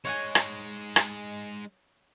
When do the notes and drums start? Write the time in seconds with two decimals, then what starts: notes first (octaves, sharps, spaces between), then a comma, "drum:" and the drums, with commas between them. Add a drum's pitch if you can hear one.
0.05 G#3 D#4 C#5 F#5 G#5
0.35 drum: rim click
0.96 drum: rim click